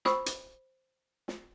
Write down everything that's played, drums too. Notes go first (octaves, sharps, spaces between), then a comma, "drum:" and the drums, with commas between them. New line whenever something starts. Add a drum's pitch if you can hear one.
C5 B5 C#6 D#6 E6, drum: snare
drum: hi-hat
drum: snare